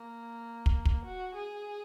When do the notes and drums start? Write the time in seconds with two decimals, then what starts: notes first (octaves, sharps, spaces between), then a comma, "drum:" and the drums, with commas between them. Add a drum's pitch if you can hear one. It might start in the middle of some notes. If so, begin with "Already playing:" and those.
Already playing: A#3
0.66 drum: kick
0.85 drum: kick
1.05 F#4
1.35 G#4